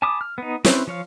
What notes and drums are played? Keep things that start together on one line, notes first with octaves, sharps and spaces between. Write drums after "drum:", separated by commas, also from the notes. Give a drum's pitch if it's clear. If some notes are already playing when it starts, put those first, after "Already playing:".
G#5 A5 B5 D6 D#6
F6
B3 D#4
C4 C#4 E4 B4 C5, drum: snare
F3 C#5 F5